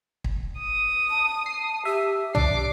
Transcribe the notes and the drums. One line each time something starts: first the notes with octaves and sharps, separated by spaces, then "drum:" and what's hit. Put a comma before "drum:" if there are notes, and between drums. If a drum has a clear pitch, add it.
drum: kick
D#6
A5
C7
G4 E5
D4 D6 C7, drum: tom